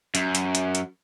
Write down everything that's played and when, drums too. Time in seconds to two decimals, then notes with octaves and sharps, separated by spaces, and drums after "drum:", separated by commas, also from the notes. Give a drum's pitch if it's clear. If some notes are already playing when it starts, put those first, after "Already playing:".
0.15 F#2, drum: hi-hat
0.35 drum: hi-hat
0.55 drum: hi-hat
0.75 drum: hi-hat